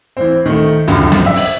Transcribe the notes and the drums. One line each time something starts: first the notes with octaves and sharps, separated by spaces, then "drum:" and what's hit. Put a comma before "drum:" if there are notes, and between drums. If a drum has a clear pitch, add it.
E3 C4
D#3 A3
G#1 C#2 F#2 D3, drum: hi-hat
drum: snare
E5
drum: open hi-hat